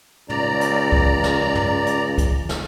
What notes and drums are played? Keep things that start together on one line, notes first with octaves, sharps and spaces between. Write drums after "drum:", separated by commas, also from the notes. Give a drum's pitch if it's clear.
C#2 D5 A#5, drum: tom
drum: hi-hat
drum: kick C2
drum: snare
drum: tom
drum: hi-hat
drum: kick C2, hi-hat
drum: snare